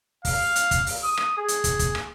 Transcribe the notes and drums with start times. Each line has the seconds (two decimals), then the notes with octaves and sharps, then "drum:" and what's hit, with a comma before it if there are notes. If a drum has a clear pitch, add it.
0.25 F5, drum: kick, open hi-hat
0.56 drum: hi-hat
0.71 drum: kick, hi-hat
0.87 drum: open hi-hat
1.04 D#6
1.17 drum: rim click
1.38 G#4
1.48 drum: hi-hat
1.64 drum: kick, hi-hat
1.79 drum: kick, hi-hat
1.95 drum: rim click